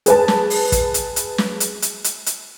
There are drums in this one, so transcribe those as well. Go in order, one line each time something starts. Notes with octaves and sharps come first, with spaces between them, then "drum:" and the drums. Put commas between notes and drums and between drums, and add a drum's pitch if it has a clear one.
G#4 B4 A5, drum: hi-hat
drum: snare
drum: open hi-hat
drum: kick, hi-hat
drum: hi-hat
drum: hi-hat
drum: snare
drum: hi-hat
drum: hi-hat
drum: hi-hat
drum: hi-hat